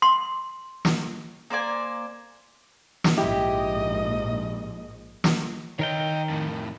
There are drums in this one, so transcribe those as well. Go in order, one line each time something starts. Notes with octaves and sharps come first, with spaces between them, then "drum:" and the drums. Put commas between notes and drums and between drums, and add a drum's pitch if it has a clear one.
C6
drum: snare
A#3 C5 D5 G#5
drum: snare
A#1 G#2 E4 G4 D#5
drum: snare
D#3 A#4 C#5 D#5 G5
F2 A2